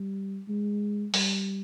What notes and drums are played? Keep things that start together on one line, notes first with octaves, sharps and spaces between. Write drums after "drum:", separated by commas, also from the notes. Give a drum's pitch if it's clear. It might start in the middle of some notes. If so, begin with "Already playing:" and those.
Already playing: G3
G#3
G3, drum: open hi-hat